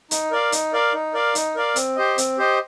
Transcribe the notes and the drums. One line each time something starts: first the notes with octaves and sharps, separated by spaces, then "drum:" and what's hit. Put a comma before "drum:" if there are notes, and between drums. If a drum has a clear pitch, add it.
D#4, drum: hi-hat
A#4 D5 F5
D#4, drum: hi-hat
A#4 D5 F5
D#4
A#4 D5 F5
D#4, drum: hi-hat
A#4 D5 F5
C4, drum: hi-hat
G4 C5 D#5
C4, drum: hi-hat
G4 C5 D#5